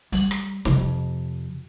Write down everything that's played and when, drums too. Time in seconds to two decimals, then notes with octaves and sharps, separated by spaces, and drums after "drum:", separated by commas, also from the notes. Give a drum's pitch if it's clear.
0.12 G3, drum: open hi-hat
0.31 drum: rim click
0.65 F2 C3, drum: snare